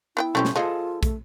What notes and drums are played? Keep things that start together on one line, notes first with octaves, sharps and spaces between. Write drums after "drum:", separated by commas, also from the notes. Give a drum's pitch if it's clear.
B3 E4 B4 G5
B2 F#3 A3 C4 C#4 G4
drum: snare
F3 F4 G#4 A4 D#5
A3, drum: kick, hi-hat